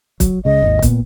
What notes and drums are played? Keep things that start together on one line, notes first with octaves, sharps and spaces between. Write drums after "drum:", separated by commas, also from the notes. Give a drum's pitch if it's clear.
F#3, drum: kick, hi-hat
C#2 C#3 D#5
G#1 D#2
A#2 B3, drum: kick, hi-hat